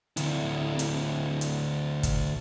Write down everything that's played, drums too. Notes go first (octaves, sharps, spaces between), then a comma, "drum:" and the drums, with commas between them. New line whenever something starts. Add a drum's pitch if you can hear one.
D2 E4, drum: hi-hat
drum: hi-hat
drum: hi-hat
drum: kick, hi-hat